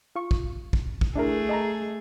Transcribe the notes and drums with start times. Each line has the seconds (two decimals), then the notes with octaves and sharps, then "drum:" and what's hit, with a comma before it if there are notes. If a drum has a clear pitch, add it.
0.15 F4 C#6
0.31 drum: kick
0.73 drum: kick
1.01 drum: kick
1.15 A3 D4 E4 G#4 A#4
1.49 D#5 A5 A#5